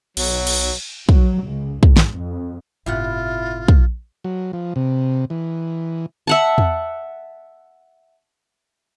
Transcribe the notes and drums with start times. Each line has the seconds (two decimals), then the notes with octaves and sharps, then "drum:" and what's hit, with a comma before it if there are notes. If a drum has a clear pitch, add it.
0.17 B1 F#3, drum: cymbal
0.47 drum: cymbal
1.09 F#3, drum: kick
1.44 C#2
1.83 G#2, drum: kick
1.97 drum: snare
2.17 F2
2.86 G1 A2 C3 E4 F4 F#5
3.68 drum: kick
4.24 F#3
4.53 F3
4.76 C3
5.30 E3
6.27 E5 F#5 A5
6.58 drum: tom E2